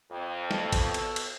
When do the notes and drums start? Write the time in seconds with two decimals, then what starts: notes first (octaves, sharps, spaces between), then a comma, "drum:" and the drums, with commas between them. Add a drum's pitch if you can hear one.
0.11 F2
0.51 B2 A4, drum: snare
0.73 drum: kick, cymbal
0.94 drum: cymbal
1.16 drum: cymbal